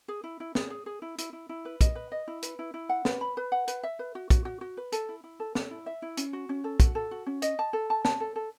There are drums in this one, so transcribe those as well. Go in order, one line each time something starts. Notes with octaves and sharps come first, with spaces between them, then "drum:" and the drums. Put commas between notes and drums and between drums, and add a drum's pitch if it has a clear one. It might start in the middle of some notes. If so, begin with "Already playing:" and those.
G#4
E4
E4
G#4, drum: snare
G#4
G#4
E4
E4, drum: hi-hat
E4
E4
B4
D#5, drum: kick, hi-hat
B4
D#5
E4
B4, drum: hi-hat
E4
E4
F#5
B4, drum: snare
B5
B4
F#5
B4, drum: hi-hat
E5
B4
F#4
F#4, drum: kick, hi-hat
F#4
F#4
B4
A4, drum: hi-hat
E4
E4
A4
A4, drum: snare
E4
E5
E4
C#4, drum: hi-hat
F#4
C#4
A4
F#4, drum: kick, hi-hat
A4
F#4
C#4
D#5, drum: hi-hat
A5
A4
A5
A5, drum: snare
A4
A4